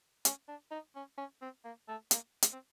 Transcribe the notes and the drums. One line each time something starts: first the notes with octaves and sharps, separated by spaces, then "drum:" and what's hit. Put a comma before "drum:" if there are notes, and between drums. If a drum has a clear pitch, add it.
C#4, drum: hi-hat
D4
D#4
C#4
C#4
C4
A#3
A3
A#3, drum: hi-hat
drum: hi-hat
C4